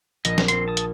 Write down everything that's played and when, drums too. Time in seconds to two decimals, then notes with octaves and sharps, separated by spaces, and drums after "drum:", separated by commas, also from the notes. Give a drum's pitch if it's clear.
0.25 A#1 D#5, drum: hi-hat
0.38 drum: snare
0.48 C4 C6, drum: hi-hat
0.68 A5 D#6
0.77 drum: hi-hat